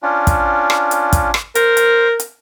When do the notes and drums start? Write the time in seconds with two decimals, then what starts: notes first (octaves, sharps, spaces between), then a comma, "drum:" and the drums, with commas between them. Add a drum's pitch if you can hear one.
0.03 C#4 D4 F4
0.27 drum: kick, hi-hat
0.70 drum: rim click
0.91 drum: hi-hat
1.13 drum: kick, hi-hat
1.34 drum: rim click
1.55 A#4 C5, drum: hi-hat
1.77 drum: hi-hat
2.20 drum: hi-hat